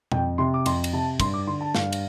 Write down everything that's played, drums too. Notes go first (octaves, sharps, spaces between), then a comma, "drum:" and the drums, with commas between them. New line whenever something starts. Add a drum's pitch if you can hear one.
F2 G5, drum: tom B2
C3 C6
D6
F2 C6, drum: cymbal
drum: cymbal
C3 A5
G2 C6, drum: kick, cymbal
D6
D3 C6
A5
G2 F5, drum: snare
drum: cymbal